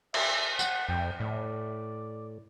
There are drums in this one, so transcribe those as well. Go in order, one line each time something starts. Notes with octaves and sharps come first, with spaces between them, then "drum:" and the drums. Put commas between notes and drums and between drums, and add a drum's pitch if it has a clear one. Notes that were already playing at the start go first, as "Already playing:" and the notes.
E5, drum: cymbal
F#5, drum: tambourine
F2 G5
A2 D5